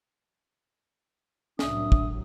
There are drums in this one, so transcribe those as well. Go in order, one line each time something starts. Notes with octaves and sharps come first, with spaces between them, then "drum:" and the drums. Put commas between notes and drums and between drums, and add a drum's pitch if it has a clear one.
C2 A2 F#3 D4 E5 D#6, drum: snare
drum: kick